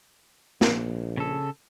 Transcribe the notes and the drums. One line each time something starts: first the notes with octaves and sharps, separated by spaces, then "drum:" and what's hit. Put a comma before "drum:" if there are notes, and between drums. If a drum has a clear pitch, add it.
A#1, drum: snare
C#3 A4